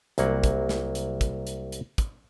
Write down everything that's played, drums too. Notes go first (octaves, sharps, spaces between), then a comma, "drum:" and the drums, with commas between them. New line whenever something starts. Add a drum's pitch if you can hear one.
C2 F#3 A#3 F#5, drum: hi-hat
drum: kick, hi-hat
drum: snare
drum: hi-hat
drum: kick, hi-hat
drum: hi-hat
drum: hi-hat
drum: kick, hi-hat